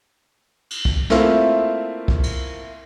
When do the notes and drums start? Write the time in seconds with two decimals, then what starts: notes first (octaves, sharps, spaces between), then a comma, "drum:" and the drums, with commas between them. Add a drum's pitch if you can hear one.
0.70 drum: cymbal
0.85 drum: kick
1.10 A3 A#3 C4 E4 F4, drum: snare
2.08 drum: kick
2.23 drum: cymbal